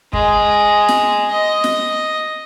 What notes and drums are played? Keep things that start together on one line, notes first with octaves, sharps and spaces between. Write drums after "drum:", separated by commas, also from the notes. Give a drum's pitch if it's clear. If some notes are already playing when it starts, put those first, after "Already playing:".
G#3, drum: kick
drum: snare
D#5
drum: snare